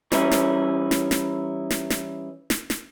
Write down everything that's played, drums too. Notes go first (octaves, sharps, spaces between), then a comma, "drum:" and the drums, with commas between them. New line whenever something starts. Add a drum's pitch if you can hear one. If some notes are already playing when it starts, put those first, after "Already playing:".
E3 G3 C#4 D#4 E4, drum: snare
drum: snare
drum: snare
drum: snare
drum: snare
drum: snare
drum: snare
drum: snare